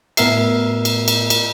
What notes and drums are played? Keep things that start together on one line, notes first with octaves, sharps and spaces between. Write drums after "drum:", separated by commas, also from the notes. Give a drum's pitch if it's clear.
A2 B3 A#4 E5 C7, drum: cymbal
drum: cymbal
drum: cymbal
drum: cymbal